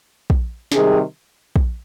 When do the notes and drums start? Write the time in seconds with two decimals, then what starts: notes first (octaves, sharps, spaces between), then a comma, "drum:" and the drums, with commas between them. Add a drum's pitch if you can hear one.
0.30 drum: kick A#1
0.72 C3 D#3 G3 G#4, drum: snare
1.56 drum: kick A#1